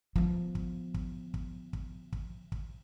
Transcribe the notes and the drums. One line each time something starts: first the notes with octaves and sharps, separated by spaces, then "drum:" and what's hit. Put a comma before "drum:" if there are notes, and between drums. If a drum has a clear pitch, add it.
F3 B3, drum: kick
drum: kick
drum: kick
drum: kick
drum: kick
drum: kick
drum: kick